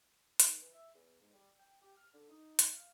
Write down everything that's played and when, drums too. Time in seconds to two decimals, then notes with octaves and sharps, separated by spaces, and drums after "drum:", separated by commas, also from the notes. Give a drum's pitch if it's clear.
0.40 D#3, drum: hi-hat
0.60 E3
0.74 E5
0.94 E2
1.20 G#2
1.33 G3
1.59 G5
1.81 G4
1.96 F6
2.13 D3
2.29 D#4
2.59 drum: hi-hat
2.72 F5